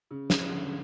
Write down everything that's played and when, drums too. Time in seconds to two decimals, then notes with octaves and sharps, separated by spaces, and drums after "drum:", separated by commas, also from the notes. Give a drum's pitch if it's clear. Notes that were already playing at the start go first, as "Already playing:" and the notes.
0.11 C#3
0.30 C#3, drum: snare
0.50 D3